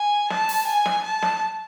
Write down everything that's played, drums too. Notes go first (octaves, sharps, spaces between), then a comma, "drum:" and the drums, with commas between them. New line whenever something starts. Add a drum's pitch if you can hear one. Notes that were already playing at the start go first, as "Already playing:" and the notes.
Already playing: G#5
A5, drum: snare
drum: open hi-hat
G#5
drum: snare
A5
drum: snare